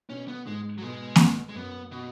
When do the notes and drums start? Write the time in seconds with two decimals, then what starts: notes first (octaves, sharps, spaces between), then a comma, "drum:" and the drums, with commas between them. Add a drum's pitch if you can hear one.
0.10 B2 C#4
0.28 B3
0.46 G#2 G#3
0.78 F#3
0.82 B2 G#3
1.16 drum: snare A#3
1.49 G#3
1.56 F#2 B3
1.92 B2